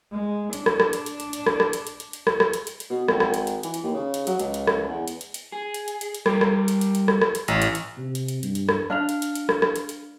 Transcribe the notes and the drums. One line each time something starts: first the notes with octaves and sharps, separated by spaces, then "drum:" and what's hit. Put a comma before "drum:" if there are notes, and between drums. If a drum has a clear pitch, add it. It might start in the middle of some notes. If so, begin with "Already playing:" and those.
G#3
D4, drum: hi-hat
drum: rim click
drum: rim click
drum: hi-hat
drum: hi-hat
drum: hi-hat
drum: hi-hat
drum: rim click
drum: rim click
drum: hi-hat
drum: hi-hat
drum: hi-hat
drum: hi-hat
drum: rim click
drum: rim click
drum: hi-hat
drum: hi-hat
drum: hi-hat
B2
G#1, drum: rim click
drum: rim click
drum: hi-hat
drum: hi-hat
E3, drum: hi-hat
drum: hi-hat
D#2
C#3
drum: hi-hat
F#3, drum: hi-hat
C#2, drum: hi-hat
drum: hi-hat
drum: rim click
E2
drum: hi-hat
drum: hi-hat
drum: hi-hat
G#4
drum: hi-hat
drum: hi-hat
drum: hi-hat
drum: hi-hat
G3 G4 A#4, drum: rim click
drum: rim click
drum: hi-hat
drum: hi-hat
drum: hi-hat
drum: rim click
drum: rim click
drum: hi-hat
A1, drum: hi-hat
drum: hi-hat
drum: hi-hat
C3
drum: hi-hat
drum: hi-hat
G2, drum: hi-hat
drum: hi-hat
drum: rim click
D4 F5 F6 F7
drum: hi-hat
drum: hi-hat
drum: hi-hat
drum: rim click
drum: rim click
drum: hi-hat
drum: hi-hat